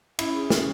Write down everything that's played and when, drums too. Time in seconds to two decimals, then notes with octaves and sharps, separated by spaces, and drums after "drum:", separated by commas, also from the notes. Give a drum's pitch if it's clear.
0.19 C#4 E4, drum: cymbal
0.35 G#4
0.50 C#4, drum: snare